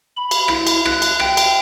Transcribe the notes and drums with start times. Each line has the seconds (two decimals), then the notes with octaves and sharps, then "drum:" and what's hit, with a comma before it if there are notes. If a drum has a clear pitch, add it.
0.17 B5
0.31 drum: cymbal
0.48 E4, drum: rim click
0.67 drum: cymbal
0.85 F#6, drum: rim click
1.02 drum: cymbal
1.20 G5, drum: rim click
1.37 drum: cymbal